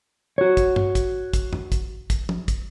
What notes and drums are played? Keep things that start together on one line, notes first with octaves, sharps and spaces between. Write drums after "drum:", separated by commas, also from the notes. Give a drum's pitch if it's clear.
F#4 C#5
drum: kick, hi-hat
drum: tom G2
drum: kick, hi-hat
drum: kick, hi-hat
drum: tom F2
drum: kick, hi-hat
drum: kick, hi-hat
drum: tom
drum: kick, hi-hat